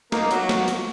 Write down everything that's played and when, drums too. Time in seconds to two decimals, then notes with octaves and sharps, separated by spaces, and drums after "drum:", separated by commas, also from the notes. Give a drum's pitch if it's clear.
0.12 A#3 D#4, drum: snare
0.31 F#3, drum: hi-hat
0.49 drum: snare
0.68 drum: hi-hat